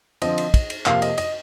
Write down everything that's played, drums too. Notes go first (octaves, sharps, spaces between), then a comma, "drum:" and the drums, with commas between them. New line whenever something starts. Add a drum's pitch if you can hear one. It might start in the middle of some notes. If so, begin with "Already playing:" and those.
D3 F3 C4 D#5, drum: cymbal
drum: cymbal
drum: kick, cymbal
drum: cymbal
F2 C3 F3 A#3 F5, drum: clap
D#5, drum: cymbal
D#5, drum: cymbal